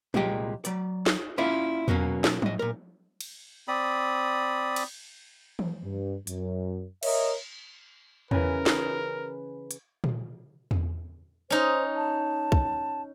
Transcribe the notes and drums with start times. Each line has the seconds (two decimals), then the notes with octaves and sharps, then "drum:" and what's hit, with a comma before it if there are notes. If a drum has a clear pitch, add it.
0.14 C2 A#2 G#3 G4 D#5, drum: tom F3
0.65 F#3 D5, drum: hi-hat
1.06 drum: snare
1.38 A#3 C#4 E4 F4 D5 E5
1.88 B2 F#3 A#3 C#4, drum: tom E2
2.24 drum: snare
2.42 A2 D#5, drum: tom F3
2.59 A#2 A#4
3.21 drum: cymbal
3.68 C4 D5 B5 D#6
4.76 drum: cymbal
5.59 drum: tom E3
5.83 G2
6.27 F#2, drum: hi-hat
7.03 A#4 C#5 D#5 E5, drum: cymbal
8.31 C#3 E3 C#4 A#4 B4 G#5 B5, drum: tom E2
8.66 drum: snare
9.71 drum: hi-hat
10.04 drum: tom A#2
10.71 drum: tom E2
11.50 C#4 D#4 C5
11.96 A5
12.52 drum: kick